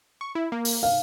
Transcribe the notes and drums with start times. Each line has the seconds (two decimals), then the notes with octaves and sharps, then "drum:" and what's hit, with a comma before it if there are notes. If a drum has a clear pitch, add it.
0.21 C#6
0.35 E4
0.52 A#3
0.65 drum: open hi-hat
0.83 F5